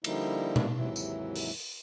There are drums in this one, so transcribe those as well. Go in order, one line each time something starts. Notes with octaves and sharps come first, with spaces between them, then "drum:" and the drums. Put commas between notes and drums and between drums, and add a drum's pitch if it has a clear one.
D3 F3 G3 A#3 D#4 E4, drum: cymbal
drum: tom B2
D#2 G#2 C3 E3 F#3 E4
drum: tambourine
drum: open hi-hat